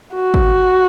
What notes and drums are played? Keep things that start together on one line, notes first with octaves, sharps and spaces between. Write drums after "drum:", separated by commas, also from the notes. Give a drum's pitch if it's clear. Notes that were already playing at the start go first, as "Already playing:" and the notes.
F#4
drum: kick